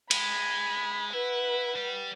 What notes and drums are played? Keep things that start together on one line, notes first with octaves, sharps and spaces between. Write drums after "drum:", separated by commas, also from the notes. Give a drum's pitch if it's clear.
G#3 B5 G#6, drum: cymbal
E4 B4 F#5
G3